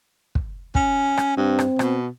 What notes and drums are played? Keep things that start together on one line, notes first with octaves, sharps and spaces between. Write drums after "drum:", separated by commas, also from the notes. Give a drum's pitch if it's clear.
drum: kick
C#4, drum: kick
drum: rim click
G2 C4
drum: rim click
B2, drum: rim click